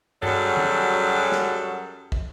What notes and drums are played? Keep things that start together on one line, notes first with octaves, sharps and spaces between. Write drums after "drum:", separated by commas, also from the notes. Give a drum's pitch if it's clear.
F#2 F#3 G3 G#4 A4, drum: tom G2
drum: tom D#3
drum: snare
drum: kick